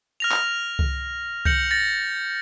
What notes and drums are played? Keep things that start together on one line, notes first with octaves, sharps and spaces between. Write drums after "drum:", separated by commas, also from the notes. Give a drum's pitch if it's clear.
F6 A#6 F7
drum: clap
drum: kick C2
G6 A#6 C#7 F#7, drum: kick C2
A6 A#6